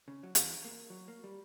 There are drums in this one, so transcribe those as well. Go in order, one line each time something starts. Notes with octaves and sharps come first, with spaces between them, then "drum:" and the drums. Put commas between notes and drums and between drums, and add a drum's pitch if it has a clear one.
C#3
F#3
E2, drum: hi-hat
A#3
F#3
A#3
G3